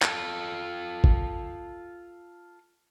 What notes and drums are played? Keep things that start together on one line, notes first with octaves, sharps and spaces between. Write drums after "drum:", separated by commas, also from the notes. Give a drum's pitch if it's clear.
F4 A4, drum: clap
drum: kick